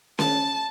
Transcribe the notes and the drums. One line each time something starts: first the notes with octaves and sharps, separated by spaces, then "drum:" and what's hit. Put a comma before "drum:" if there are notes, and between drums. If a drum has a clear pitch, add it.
A5, drum: snare C#4